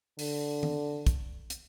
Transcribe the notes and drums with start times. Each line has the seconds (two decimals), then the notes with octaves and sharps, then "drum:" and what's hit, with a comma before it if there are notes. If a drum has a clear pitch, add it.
0.19 D3, drum: open hi-hat
0.63 drum: tom D#3
1.07 drum: kick, hi-hat
1.50 drum: hi-hat